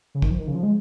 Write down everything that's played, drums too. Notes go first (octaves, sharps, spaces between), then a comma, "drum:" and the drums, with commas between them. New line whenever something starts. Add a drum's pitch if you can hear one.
C#3
D#3, drum: kick
F3
D#3
C#3
F3
G#3